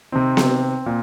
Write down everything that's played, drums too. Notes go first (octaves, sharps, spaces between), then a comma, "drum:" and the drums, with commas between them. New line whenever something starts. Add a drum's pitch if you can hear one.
C3 D#3 C4
drum: snare B3
A#2